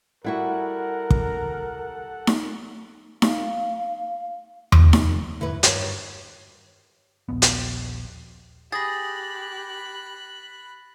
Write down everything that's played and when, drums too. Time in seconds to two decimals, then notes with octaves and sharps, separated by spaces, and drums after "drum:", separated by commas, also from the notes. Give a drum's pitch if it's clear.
0.24 G3 E4 F#4 A4 A#4 F#5
1.10 drum: kick
2.27 drum: snare D#4
3.22 F5, drum: snare D#4
4.72 F1, drum: tom E2
4.93 drum: snare D#4
5.41 G#2 D3 E4 B4
5.63 G2 D#3 C#5, drum: hi-hat
7.29 D#1 A#1 B3
7.42 drum: hi-hat
8.72 G4 G#4 B5 F#6 A6 A#6